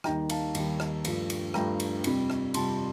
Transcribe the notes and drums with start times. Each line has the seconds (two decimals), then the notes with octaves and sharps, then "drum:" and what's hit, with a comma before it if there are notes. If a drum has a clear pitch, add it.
0.04 D#2 D#3 G3 G5 A#5, drum: rim click
0.30 F5 A5, drum: cymbal
0.55 D#2 D#3 G3, drum: cymbal
0.80 drum: rim click
1.05 G2 F3 A3, drum: cymbal
1.30 drum: cymbal
1.54 G2 F3 A3 G5 A#5, drum: rim click
1.80 drum: cymbal
2.04 F2 C3 G3 C4, drum: cymbal
2.30 drum: rim click
2.54 F2 C3 G3 C4 A5 C6, drum: cymbal